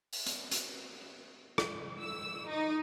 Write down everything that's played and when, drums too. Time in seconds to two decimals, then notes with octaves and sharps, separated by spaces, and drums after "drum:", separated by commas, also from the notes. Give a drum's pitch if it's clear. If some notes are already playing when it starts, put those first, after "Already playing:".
0.13 drum: open hi-hat
0.27 drum: hi-hat
0.51 drum: hi-hat
1.58 drum: rim click
2.01 E6
2.49 D#4